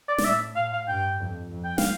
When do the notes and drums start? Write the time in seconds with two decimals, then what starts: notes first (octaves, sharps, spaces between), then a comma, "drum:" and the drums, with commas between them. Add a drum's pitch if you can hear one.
0.08 D5
0.18 D5, drum: snare
0.24 A2 E5
0.56 A2 F5
0.72 F5
0.88 G2 G5
1.19 F2
1.51 F2
1.64 G5
1.78 F5, drum: snare